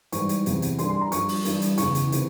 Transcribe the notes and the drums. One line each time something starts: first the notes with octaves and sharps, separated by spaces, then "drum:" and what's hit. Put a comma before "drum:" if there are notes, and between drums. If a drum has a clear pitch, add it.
G#2 E3 G3 C#6, drum: hi-hat
drum: hi-hat
E2 C3 E3, drum: hi-hat
drum: hi-hat
G2 E3 G3 C6, drum: hi-hat
C6
A#5
G2 F3 C#6, drum: hi-hat
drum: open hi-hat
G2 E3 G3, drum: hi-hat
drum: hi-hat
E2 C#3 E3 C#6, drum: hi-hat
drum: hi-hat
C3 E3, drum: hi-hat